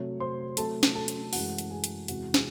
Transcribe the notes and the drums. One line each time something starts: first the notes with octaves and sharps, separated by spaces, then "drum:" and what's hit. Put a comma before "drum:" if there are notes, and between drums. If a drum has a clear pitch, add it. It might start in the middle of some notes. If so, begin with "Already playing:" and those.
Already playing: C3 F#3 A3 C#5
C5 C6
C3 F#3 A3 A4 A5, drum: hi-hat
drum: snare
A4 A5
drum: hi-hat
F#2 E3 G#3 F#4 F#5, drum: open hi-hat
drum: hi-hat
G#4 G#5
drum: hi-hat
E2 C3 E3 G#3 F#4 F#5, drum: hi-hat
G#4 G#5, drum: snare